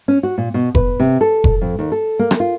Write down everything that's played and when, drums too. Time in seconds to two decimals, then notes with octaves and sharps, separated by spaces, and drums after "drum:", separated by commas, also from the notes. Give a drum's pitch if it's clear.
0.08 C#4
0.23 F#4
0.38 A#2
0.54 B2
0.75 B4, drum: kick F1
1.00 C3
1.21 A4
1.44 drum: kick F1
1.61 F2
1.79 D#2
1.92 A4
2.19 A#3
2.31 drum: rim click
2.40 F4